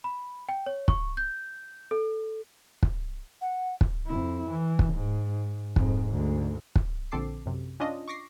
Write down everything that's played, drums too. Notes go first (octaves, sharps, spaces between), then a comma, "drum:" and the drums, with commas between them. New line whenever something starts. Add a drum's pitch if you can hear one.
B5
G5
C#5
C#6, drum: kick
G6
A4
drum: kick
F#5
drum: kick
F2 E4
E3
drum: kick
G#2
F2 G#2, drum: kick
D2 G#2
drum: kick
A#1 D3 C4 A4 D6 C7
F#2 C3
C#4 D4 F4 D#5
C#6 D6 A#6 C7